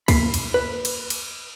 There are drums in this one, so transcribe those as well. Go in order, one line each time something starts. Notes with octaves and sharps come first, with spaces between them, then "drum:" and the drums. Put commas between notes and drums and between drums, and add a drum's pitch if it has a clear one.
A#3 B5 C7, drum: kick C#2, cymbal
drum: cymbal
B4
drum: cymbal
drum: cymbal